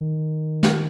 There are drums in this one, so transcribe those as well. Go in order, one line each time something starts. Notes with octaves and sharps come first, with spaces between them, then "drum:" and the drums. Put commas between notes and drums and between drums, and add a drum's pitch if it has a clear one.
D#3
drum: snare